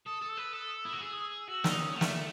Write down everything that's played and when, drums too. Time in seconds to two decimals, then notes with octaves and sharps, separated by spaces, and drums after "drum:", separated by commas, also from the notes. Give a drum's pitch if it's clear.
0.06 A4 D#6
0.21 A4
0.29 E6
0.37 B4
0.53 A4 D#6
0.78 E6
0.85 E4
0.93 F#4
1.01 G#4 E6
1.13 D#6
1.36 E6
1.48 F#4 E6
1.64 D#4, drum: snare
1.72 D#6
1.80 C#4
1.96 A3 F#5
2.01 E5, drum: snare